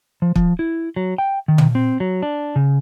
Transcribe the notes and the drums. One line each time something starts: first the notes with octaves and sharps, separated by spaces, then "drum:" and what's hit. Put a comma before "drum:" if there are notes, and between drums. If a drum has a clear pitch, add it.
F3
F3, drum: kick
E4
F#3
G5
D#3
drum: tom
C4
F#3
D4
C#3